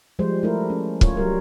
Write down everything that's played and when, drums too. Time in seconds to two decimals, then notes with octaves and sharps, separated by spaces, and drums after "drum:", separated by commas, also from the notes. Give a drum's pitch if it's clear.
0.19 F3 G3 G#3 C5
0.43 A3 E4 A#4
0.70 C#4
1.01 F4 C#5, drum: kick
1.17 F#3 G3 A#4